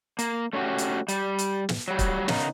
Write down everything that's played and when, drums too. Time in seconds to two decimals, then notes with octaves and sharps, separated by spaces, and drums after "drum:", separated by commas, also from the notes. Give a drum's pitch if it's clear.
0.19 A#3, drum: hi-hat
0.53 A3 C#4 E4 F#4 G4
0.78 drum: hi-hat
1.08 G3, drum: hi-hat
1.39 drum: hi-hat
1.69 drum: snare
1.88 F#3 G3
1.99 drum: kick, hi-hat
2.28 C#3 B3 D#4 A#4, drum: snare